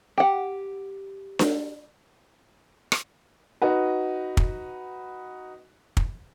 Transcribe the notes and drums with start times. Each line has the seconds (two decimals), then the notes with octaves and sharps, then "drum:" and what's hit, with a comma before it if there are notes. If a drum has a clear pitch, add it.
0.18 G4 F#5
1.39 drum: snare D4
2.92 drum: rim click
3.62 D#4 F#4 B4
4.37 drum: kick
5.97 drum: kick